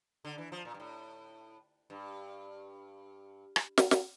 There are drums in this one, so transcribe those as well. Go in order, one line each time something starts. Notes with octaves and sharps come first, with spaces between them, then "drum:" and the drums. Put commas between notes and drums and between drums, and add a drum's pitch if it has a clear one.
D3
E3
F3
A#2
G2
A2
G2
drum: rim click
drum: snare
drum: snare